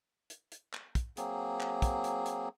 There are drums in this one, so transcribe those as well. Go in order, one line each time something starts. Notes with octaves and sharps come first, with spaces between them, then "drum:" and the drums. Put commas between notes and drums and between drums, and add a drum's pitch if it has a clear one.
drum: hi-hat
drum: hi-hat
drum: clap
drum: kick, hi-hat
F#3 A#3 C4 G#4, drum: hi-hat
drum: clap
drum: kick, hi-hat
drum: hi-hat
drum: hi-hat